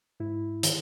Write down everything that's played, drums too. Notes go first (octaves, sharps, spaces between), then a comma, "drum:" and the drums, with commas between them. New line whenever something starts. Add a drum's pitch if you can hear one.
G#2 E4
D#3, drum: hi-hat